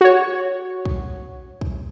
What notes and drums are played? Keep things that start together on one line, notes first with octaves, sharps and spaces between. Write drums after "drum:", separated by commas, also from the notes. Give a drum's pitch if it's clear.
F#4 C#5
drum: kick
drum: kick